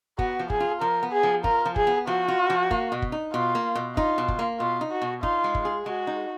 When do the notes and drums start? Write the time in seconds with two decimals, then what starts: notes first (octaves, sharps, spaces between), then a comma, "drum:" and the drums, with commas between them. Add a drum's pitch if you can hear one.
0.19 B3 F#4, drum: kick
0.39 F3
0.50 G#4, drum: kick
0.60 F4
0.81 F3 A#4
1.03 B3
1.13 G#4
1.23 F3
1.44 F4 A#4, drum: kick
1.65 F3
1.76 G#4, drum: kick
1.87 B3
2.07 F3 F#4
2.28 F4
2.50 F3
2.71 A#3, drum: kick
2.92 B2
3.02 drum: kick
3.12 D#4
3.34 B2 F4
3.55 A#3
3.75 B2
3.97 D#4 F4, drum: kick
4.18 B2
4.28 drum: kick
4.39 A#3
4.60 B2 F4
4.81 D#4
4.92 F#4
5.02 B2
5.23 D#4 F4, drum: kick
5.44 G#3
5.55 drum: kick
5.65 G#4
5.86 G#3 F#4
6.07 D#4